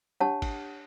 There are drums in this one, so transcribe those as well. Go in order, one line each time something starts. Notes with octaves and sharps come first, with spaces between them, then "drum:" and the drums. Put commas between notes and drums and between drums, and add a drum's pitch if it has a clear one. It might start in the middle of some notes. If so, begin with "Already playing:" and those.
D4 G4 C#5 F#5 A5
drum: kick G#1, cymbal